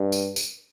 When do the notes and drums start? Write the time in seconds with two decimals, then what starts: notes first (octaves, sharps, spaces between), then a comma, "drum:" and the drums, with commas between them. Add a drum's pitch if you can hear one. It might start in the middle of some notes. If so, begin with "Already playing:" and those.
Already playing: G2
0.12 drum: tambourine
0.36 drum: tambourine